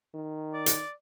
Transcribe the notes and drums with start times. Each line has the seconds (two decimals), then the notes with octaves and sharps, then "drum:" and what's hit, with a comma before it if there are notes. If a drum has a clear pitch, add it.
0.14 D#3
0.53 D5
0.66 drum: hi-hat